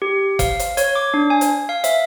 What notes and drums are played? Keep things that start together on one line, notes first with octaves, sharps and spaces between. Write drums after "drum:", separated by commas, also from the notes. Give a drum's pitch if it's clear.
G4
F5, drum: kick F#1, hi-hat
drum: hi-hat
C#5, drum: hi-hat
D6
D4
G#5
drum: hi-hat
F5
E5, drum: hi-hat